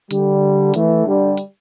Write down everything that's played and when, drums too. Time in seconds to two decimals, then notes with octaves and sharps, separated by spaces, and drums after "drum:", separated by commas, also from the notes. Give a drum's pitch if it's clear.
0.11 D3 G3, drum: hi-hat
0.74 E3 A3, drum: hi-hat
1.05 D3 G3
1.38 drum: hi-hat